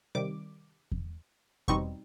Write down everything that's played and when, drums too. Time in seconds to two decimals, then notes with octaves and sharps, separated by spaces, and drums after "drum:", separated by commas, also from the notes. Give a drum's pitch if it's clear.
0.15 C3 D#3 G3 D6
0.92 drum: kick E2
1.68 B2 G3 C4 D#4 C#6, drum: kick E2